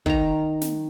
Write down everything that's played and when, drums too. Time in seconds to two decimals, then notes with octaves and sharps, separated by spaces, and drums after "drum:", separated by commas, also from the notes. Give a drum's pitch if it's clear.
0.06 D#3 A#5, drum: kick
0.61 drum: snare